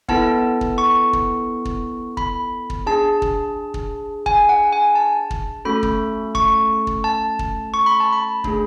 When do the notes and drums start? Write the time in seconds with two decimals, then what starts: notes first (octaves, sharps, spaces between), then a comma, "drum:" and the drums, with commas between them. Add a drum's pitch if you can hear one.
0.09 B3 E4 A4 A5, drum: kick
0.61 drum: kick
0.78 C#6
1.13 drum: kick
1.65 drum: kick
2.17 B5, drum: kick
2.70 drum: kick
2.86 D4 G#4 A5
3.22 drum: kick
3.74 drum: kick
4.26 G#5, drum: kick
4.49 F#5
4.72 G#5
4.95 A5
5.31 drum: kick
5.65 A3 C#4 F#4 A4 B5
5.83 drum: kick
6.35 C#6, drum: kick
6.87 drum: kick
7.04 A5
7.39 drum: kick
7.74 C#6
7.86 B5
8.00 A5
8.13 B5
8.44 A3 D4 G#4, drum: kick